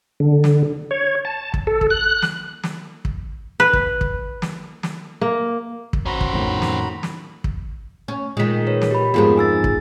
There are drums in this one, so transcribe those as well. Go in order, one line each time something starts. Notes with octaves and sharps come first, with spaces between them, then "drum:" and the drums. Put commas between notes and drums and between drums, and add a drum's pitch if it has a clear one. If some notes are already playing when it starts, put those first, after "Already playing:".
D3
drum: snare
C#5
A5
drum: kick
A4
drum: kick
F#6
drum: snare
drum: snare
drum: kick
B4
drum: kick
drum: kick
drum: snare
drum: snare
A#3
drum: kick
C#4 F#4 C5 A#5 B5
drum: kick
F2 A2 D#3
drum: snare
drum: snare
drum: kick
C#4
A#2 D#3 G#3 F4 B6
A#4 B4 C#5
drum: snare
G4 B5
F2 G#2 F3 B3 F4 G#4 A#4
G#5 E6 A6
drum: kick